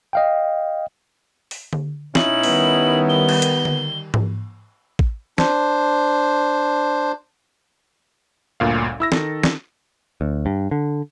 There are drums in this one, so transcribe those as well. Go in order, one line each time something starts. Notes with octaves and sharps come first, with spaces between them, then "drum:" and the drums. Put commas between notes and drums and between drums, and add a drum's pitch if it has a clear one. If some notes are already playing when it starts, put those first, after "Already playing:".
D#5 F5 G5
drum: open hi-hat
drum: tom D3
B2 C#4 D#4 E4 F#7, drum: snare
D#3 G3 B3, drum: open hi-hat
G7
drum: cymbal
drum: hi-hat
drum: tom D3
drum: tom G#2
drum: kick
D4 C5, drum: snare
G1 D2 A#2 F5
E4 E6 A#6
D#3 A4, drum: snare
drum: snare
D2
G2
D3